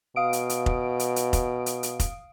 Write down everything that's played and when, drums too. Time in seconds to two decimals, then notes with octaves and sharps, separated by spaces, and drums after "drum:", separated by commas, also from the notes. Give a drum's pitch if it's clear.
0.16 B2 F5 D#6 D7
0.33 drum: hi-hat
0.49 drum: hi-hat
0.66 drum: kick F1
1.00 drum: hi-hat
1.16 drum: hi-hat
1.33 drum: kick F1, hi-hat
1.66 drum: hi-hat
1.83 drum: hi-hat
2.00 drum: kick F1, hi-hat